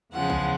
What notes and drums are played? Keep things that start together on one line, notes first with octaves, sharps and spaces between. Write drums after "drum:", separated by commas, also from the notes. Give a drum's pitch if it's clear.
E2 C#3 F3 G#3 F#5
drum: kick B1